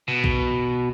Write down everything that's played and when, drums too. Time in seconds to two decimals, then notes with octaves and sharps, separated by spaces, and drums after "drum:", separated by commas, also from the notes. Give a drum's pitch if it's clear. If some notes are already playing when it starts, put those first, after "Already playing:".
0.08 B2
0.24 drum: kick A#1